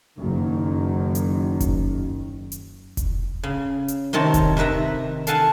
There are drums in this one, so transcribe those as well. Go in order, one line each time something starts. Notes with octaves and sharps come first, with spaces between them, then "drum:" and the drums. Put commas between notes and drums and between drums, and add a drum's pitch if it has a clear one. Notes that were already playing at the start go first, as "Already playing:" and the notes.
F#1 F#2 D#3
drum: hi-hat
drum: kick F1, hi-hat
drum: hi-hat
drum: kick F1, hi-hat
C#3
drum: hi-hat
C3 D#3 C4 C#5 A5
drum: kick F1, hi-hat
C3 D#3 B4 E5 A#5
A4 F5 F#5 G#5 A5, drum: hi-hat